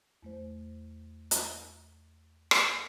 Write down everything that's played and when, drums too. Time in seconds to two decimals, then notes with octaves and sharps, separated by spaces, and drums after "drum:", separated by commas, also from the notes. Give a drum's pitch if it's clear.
0.23 E2 A3 C5
1.31 drum: hi-hat
2.51 drum: rim click